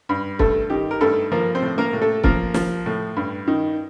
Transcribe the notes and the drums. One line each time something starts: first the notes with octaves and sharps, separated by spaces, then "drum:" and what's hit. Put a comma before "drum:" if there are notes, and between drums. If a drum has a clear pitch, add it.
G2
G2 A3 A4, drum: kick
D#3 G4
A#4
G2 A3 A4
F3 A#3 A#4
C4 C5
A2
A#3 A#4
A2
A3 A4
F3 A#3 A#4, drum: kick
F3, drum: snare
A2
G2
D#3